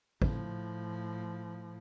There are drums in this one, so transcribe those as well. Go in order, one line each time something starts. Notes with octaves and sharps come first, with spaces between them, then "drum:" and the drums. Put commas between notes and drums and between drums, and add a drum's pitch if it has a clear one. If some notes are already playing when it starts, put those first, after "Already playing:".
A2 F3, drum: kick